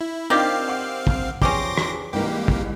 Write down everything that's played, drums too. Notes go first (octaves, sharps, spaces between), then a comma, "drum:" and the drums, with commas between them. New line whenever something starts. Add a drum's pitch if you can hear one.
E4
D#3 G3 C4 D4 F4 G4 F5
F#5 D6
drum: kick
E2 F3 G3 C#4 C6 D6 A#6, drum: kick
drum: rim click
C2 G#2 E3 A#3 G4
drum: kick